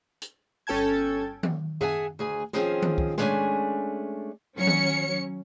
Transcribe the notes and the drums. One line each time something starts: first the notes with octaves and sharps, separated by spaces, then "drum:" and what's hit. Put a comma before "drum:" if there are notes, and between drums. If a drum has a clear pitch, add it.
drum: hi-hat
G1 C#4 A4 G5 A5 G#6
drum: tom D#3
G#4 E5 F#5 G#5 A5, drum: tom F#2
D2 G#4 G#5
D#3 F3 C4 C#4 G#4, drum: snare
drum: tom D#3
drum: kick
G#3 A3 C#4 D4 E5 G#5, drum: snare
F#3 C#4 C#5 C#7
drum: tom D#3